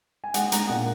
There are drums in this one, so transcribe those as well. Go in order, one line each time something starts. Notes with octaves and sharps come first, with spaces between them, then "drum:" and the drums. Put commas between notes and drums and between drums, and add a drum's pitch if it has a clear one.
G#5
G#3 F#5, drum: hi-hat
G#3 A#5, drum: hi-hat
A#2 F#5